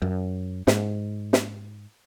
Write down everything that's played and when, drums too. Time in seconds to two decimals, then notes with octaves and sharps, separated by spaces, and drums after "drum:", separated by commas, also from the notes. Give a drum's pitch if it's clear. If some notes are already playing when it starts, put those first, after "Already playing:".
0.02 F#2
0.67 G#2, drum: snare
1.33 drum: snare